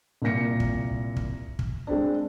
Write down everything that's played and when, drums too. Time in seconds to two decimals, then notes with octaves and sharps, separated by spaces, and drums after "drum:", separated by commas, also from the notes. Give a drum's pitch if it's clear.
0.22 C2 A#2 A#3 A#6 C#7
0.60 drum: kick
1.16 drum: kick
1.59 drum: kick
1.87 G#3 C4 D4